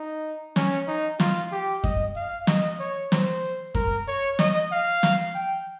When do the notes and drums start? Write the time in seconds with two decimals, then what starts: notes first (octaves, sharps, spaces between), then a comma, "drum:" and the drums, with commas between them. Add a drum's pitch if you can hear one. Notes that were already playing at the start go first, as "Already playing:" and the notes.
Already playing: D#4
0.56 C#4, drum: snare
0.88 D#4
1.20 F4, drum: snare
1.52 G4
1.84 D#5, drum: kick F#2
2.16 F5
2.47 D#5, drum: snare
2.79 C#5
3.12 C5, drum: snare
3.75 A#4, drum: kick F#2
4.08 C#5
4.39 D#5, drum: snare
4.72 F5
5.03 drum: snare
5.35 G5